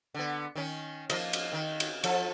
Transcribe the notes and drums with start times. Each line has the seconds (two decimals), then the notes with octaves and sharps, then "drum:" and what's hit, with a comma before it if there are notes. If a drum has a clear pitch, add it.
0.14 D3 B3
0.55 D#3 C#4
1.10 F3 A#3 D#5, drum: cymbal
1.33 drum: cymbal
1.53 D#3
1.80 drum: cymbal
2.04 F3 A4, drum: cymbal